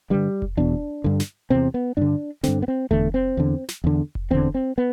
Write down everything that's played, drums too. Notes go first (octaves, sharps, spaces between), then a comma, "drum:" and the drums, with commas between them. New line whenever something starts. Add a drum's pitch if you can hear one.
G2 D3 G3
drum: kick F1
E2 B2 D4
G2 D3
drum: snare
E2 C3 C4
B3
G2 D3 D4
G2 D3 C4, drum: snare
B3
C4
E2 D3 A3, drum: kick F1
C4
E2 D3
drum: snare
E2 D3
drum: kick F1
E2 D3 C4
C4
B3